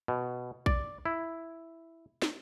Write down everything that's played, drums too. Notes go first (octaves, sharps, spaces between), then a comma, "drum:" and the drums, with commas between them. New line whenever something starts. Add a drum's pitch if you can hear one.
B2
D5, drum: kick A#1
E4
drum: snare